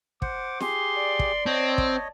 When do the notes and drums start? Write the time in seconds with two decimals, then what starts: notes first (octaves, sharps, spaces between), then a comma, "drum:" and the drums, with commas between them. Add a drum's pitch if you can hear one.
0.22 C5 F#5 D6, drum: kick
0.60 G4 G#4 C6, drum: snare
0.97 D5
1.19 drum: kick
1.46 C4 C#5 D#5 A5
1.78 drum: kick